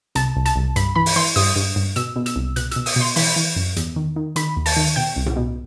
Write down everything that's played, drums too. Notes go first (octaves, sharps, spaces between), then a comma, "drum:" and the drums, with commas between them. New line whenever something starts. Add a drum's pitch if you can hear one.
C2 A5, drum: hi-hat
C2
A5, drum: hi-hat
C2
G2 B5, drum: hi-hat
E3 B5
drum: open hi-hat
E3 C6
G2 D#6, drum: open hi-hat
G2
G2
B2 E6, drum: hi-hat
B2
E6, drum: hi-hat
C2
B2 F#6, drum: hi-hat
B2 E6, drum: hi-hat
D#6, drum: open hi-hat
B2 C6
E3 B5, drum: open hi-hat
E3
F#2
E2, drum: hi-hat
D#3
D#3
D#3 B5, drum: hi-hat
D#2
A5, drum: open hi-hat
D#3
B2 G5
C2
drum: tom A2
B2